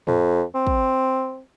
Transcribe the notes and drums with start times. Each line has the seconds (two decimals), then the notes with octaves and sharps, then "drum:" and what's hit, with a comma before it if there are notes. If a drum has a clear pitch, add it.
0.07 F2, drum: tom A2
0.55 C4
0.67 drum: kick